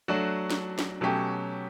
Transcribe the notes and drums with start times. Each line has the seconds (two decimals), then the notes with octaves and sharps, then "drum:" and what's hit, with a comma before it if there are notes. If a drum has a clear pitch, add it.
0.08 F#3 A3 D4 F#4
0.50 drum: snare
0.79 drum: snare
1.01 B2 F#3 A3 C#4 G4